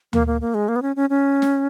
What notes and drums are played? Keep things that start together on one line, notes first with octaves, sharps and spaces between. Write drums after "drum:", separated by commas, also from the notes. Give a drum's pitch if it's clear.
A#3, drum: tom D2
A#3
A#3
G#3
A#3
B3
C#4
C#4
C#4
drum: snare